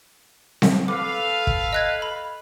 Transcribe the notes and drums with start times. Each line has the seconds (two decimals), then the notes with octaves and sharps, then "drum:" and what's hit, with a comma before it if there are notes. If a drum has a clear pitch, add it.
0.62 drum: snare C4
0.88 A4 B4 F5 D6
1.47 drum: kick
1.73 D#5 F#6 G#6
2.02 B5